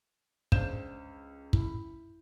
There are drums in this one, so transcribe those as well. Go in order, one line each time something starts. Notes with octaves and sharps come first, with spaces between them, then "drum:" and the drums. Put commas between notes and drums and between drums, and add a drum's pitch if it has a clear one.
C#2 D4 C5 F5 G6 E7, drum: kick
E4, drum: kick